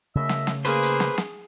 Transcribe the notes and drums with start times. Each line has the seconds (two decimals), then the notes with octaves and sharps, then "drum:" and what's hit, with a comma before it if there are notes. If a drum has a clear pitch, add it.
0.15 F#2 C#3 A3 D#5 E5
0.29 drum: snare
0.47 drum: snare
0.65 A#3 G#4 B4 C5, drum: hi-hat
0.82 drum: hi-hat
1.00 drum: snare
1.18 drum: snare